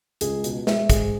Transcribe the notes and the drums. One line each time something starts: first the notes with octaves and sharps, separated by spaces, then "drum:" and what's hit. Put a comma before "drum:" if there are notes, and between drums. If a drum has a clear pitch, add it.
C#2 G#4, drum: hi-hat
B2, drum: hi-hat
G#3 E5, drum: snare
G#2 G#4, drum: kick, hi-hat